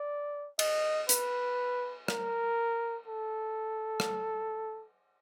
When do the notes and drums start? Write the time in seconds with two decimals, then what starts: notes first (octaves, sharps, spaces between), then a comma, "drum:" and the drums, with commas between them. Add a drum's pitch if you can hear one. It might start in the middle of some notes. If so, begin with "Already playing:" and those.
Already playing: D5
0.59 D#5, drum: cymbal
1.09 B4, drum: hi-hat
2.08 A#4, drum: rim click
3.08 A4
4.00 drum: rim click